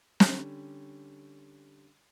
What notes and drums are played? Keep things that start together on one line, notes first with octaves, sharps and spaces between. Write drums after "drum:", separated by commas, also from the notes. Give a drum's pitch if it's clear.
D3 G3 C#4, drum: snare